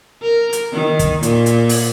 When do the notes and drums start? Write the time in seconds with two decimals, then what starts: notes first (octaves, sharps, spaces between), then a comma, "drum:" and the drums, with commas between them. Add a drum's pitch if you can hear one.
0.22 A#4
0.53 drum: hi-hat
0.73 D#3
0.99 drum: kick, hi-hat
1.23 A#2, drum: hi-hat
1.46 drum: hi-hat
1.69 drum: open hi-hat